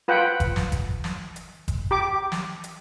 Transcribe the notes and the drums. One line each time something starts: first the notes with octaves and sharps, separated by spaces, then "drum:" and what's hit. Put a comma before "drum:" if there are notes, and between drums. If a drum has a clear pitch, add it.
F4 B4 F#5 G5
drum: kick F#1, hi-hat
drum: snare
drum: kick F#1, hi-hat
drum: snare
drum: hi-hat
drum: kick F#1, hi-hat
G4 D6
drum: snare
drum: hi-hat